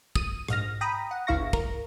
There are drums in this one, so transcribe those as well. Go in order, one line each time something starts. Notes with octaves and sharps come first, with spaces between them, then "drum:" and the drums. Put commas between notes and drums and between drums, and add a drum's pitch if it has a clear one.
D#6 D#7, drum: kick
A#1 G#2 F6 A#6, drum: rim click
G5 A#5 B5 D#6
F#5
G1 C#2 E4 F5 C#6 A#6
A#4, drum: kick